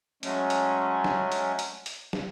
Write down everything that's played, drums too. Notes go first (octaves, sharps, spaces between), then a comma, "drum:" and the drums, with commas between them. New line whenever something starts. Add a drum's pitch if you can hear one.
F#3 G#3 A3 C#4, drum: hi-hat
drum: hi-hat
drum: snare
drum: hi-hat
drum: hi-hat
drum: hi-hat
drum: snare